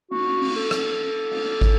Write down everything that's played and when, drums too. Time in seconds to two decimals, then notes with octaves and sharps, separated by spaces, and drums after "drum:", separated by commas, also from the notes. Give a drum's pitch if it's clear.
0.11 F#4, drum: cymbal
0.41 drum: cymbal
0.56 A4
0.71 drum: rim click
1.31 drum: cymbal
1.61 drum: kick